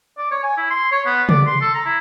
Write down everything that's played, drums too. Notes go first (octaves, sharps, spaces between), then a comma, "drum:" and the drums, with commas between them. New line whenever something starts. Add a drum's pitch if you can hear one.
D5
C#5
G#5
E4
C6
C#5
B3
D5, drum: tom C3
C6
A4
A#5
E4